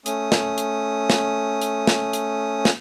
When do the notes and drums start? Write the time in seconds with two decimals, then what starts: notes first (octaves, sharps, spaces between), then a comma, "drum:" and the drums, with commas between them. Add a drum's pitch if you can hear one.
0.06 A3 C#4 D#6, drum: hi-hat
0.32 drum: snare
0.58 drum: hi-hat
1.10 drum: snare
1.61 drum: hi-hat
1.87 drum: snare
2.13 drum: hi-hat
2.65 drum: snare